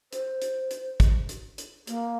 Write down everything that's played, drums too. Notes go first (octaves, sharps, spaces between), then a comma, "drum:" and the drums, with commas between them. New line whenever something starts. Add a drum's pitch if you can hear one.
C5, drum: hi-hat
drum: hi-hat
drum: hi-hat
drum: kick, hi-hat
drum: hi-hat
drum: hi-hat
A#3, drum: hi-hat